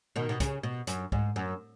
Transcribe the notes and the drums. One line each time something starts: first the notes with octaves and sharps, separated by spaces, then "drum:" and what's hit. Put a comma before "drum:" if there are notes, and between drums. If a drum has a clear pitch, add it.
B2 D#3
B2
C#3, drum: kick, hi-hat
B2
F#2, drum: hi-hat
G#2, drum: kick
F#2